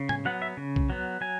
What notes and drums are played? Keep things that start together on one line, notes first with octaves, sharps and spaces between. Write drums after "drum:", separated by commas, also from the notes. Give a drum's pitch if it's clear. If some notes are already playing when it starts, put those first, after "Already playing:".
Already playing: C#3
G#5, drum: tom
F#3 B3 F#5
E5
C#3
drum: kick
F#3 B3
F#3 G#5